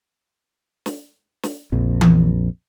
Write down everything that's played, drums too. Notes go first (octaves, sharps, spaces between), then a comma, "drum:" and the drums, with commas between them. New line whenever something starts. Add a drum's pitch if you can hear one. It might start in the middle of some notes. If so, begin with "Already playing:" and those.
drum: snare
drum: snare
A#1 F2
drum: tom E3